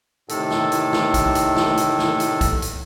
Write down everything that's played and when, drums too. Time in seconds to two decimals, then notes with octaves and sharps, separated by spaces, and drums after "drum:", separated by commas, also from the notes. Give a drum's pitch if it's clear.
0.29 A2 C3 D#3 A4, drum: hi-hat
0.50 drum: snare
0.72 drum: hi-hat
0.93 drum: snare
1.14 drum: kick B1, hi-hat
1.35 drum: hi-hat
1.56 drum: snare
1.77 drum: hi-hat
1.99 drum: snare
2.20 drum: hi-hat
2.41 drum: kick B1, hi-hat
2.62 drum: hi-hat